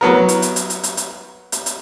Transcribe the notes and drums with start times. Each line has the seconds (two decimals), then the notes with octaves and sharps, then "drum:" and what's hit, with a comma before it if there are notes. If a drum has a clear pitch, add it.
0.01 F#3 B3 A#4
0.29 drum: hi-hat
0.42 drum: hi-hat
0.56 drum: hi-hat
0.70 drum: hi-hat
0.84 drum: hi-hat
0.97 drum: hi-hat
1.52 drum: hi-hat
1.66 drum: hi-hat